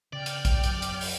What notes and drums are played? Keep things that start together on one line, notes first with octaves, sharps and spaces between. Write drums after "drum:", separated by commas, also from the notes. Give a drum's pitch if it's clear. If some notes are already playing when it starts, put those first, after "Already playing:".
C#3 D5 G5 F6
drum: hi-hat
drum: kick, hi-hat
F#2 F#3, drum: hi-hat
drum: hi-hat
drum: open hi-hat